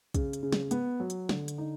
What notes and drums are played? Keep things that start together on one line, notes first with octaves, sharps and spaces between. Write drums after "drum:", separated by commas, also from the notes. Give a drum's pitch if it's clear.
C#3, drum: kick, hi-hat
drum: hi-hat
C#3
drum: snare
B3, drum: hi-hat
F#3
drum: hi-hat
D3, drum: snare
drum: hi-hat
D#4